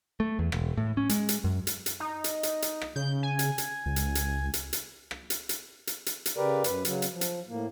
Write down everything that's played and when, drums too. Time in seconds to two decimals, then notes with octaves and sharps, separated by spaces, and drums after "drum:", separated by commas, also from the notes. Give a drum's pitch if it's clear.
0.20 A3
0.39 E2
0.52 E1, drum: rim click
0.77 A2
0.97 C#4
1.09 G#3, drum: hi-hat
1.29 drum: hi-hat
1.44 F#2
1.67 drum: hi-hat
1.86 drum: hi-hat
2.00 D#4
2.24 drum: hi-hat
2.43 drum: hi-hat
2.62 drum: hi-hat
2.81 drum: rim click
2.96 C#3 G6
3.23 G#5
3.39 drum: hi-hat
3.58 drum: hi-hat
3.86 C#2
3.96 drum: hi-hat
4.15 drum: hi-hat
4.54 drum: hi-hat
4.73 drum: hi-hat
5.11 drum: rim click
5.30 drum: hi-hat
5.49 drum: hi-hat
5.87 drum: hi-hat
6.06 drum: hi-hat
6.26 drum: hi-hat
6.37 C#3 G4 A#4 B4 D5
6.64 F#2 B4, drum: hi-hat
6.85 C#3 F#3, drum: hi-hat
7.02 drum: hi-hat
7.12 F3
7.21 drum: hi-hat
7.49 A2 A#3